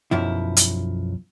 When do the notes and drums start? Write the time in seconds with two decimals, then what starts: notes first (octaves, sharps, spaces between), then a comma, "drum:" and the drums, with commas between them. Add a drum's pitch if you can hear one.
0.11 B1 F#2 F3 E4
0.57 drum: hi-hat